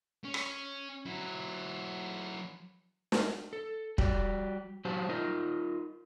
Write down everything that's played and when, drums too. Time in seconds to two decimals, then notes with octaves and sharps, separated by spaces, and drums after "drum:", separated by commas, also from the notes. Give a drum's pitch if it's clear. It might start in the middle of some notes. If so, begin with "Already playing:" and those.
0.24 C#4
0.34 drum: rim click
1.06 F#3 E4
3.12 drum: snare
3.53 A4
3.98 G3 F#4 G4 D5, drum: kick
4.85 F#3 F#4 G4 C5 A5
5.09 D#4 F4 A#4 D#5